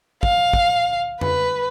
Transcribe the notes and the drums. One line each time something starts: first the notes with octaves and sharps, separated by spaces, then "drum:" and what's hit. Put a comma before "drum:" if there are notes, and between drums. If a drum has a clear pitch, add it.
F5, drum: kick
drum: kick
B4, drum: tom F2